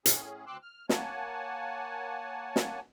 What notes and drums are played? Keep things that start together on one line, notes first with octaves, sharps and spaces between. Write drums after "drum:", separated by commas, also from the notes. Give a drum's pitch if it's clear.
A2 C#4 G#4, drum: hi-hat
D2 C4 C6 D6 E6 F#6
F6
A#3 C#5 F#5 G#5 A5, drum: snare
drum: snare